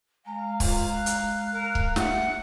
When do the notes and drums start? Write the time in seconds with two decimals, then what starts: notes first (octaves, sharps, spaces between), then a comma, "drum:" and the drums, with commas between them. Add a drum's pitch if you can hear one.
0.26 G#3 F5 G#5 A#5
0.60 F4 A#5, drum: kick C#1, open hi-hat
0.93 F#6
1.06 drum: hi-hat
1.52 A#4
1.75 drum: kick C#1
1.96 E5 F#5, drum: snare